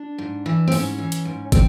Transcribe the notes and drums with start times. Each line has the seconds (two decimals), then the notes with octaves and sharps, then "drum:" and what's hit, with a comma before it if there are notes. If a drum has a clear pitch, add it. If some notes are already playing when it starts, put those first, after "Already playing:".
Already playing: D4
0.18 G#2
0.46 E3
0.68 C4
0.72 G#2 C#4, drum: open hi-hat
0.99 E3
1.12 drum: hi-hat
1.25 G#2
1.52 C4, drum: kick, hi-hat